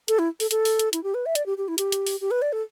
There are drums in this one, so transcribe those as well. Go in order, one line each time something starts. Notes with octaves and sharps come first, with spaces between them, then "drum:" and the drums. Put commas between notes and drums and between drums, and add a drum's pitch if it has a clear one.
A4, drum: hi-hat
E4
A4, drum: open hi-hat
A4, drum: hi-hat
drum: open hi-hat
drum: hi-hat
E4, drum: hi-hat
G4
B4
E5
D5, drum: hi-hat
G4
G4
E4
G4, drum: hi-hat
drum: hi-hat
drum: open hi-hat
G4
B4
D5
A4